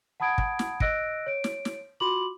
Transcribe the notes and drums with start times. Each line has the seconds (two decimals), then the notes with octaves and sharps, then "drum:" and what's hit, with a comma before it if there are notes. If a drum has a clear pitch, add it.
0.20 F#5 A5 B5 D#6 G#6 D7
0.38 drum: kick
0.59 drum: snare
0.80 D#5 E6 F#6 A#6 D7, drum: kick
1.26 C#5 D7
1.44 drum: snare
1.65 drum: snare
2.00 F4 F#4 B5 C6 D6 F#7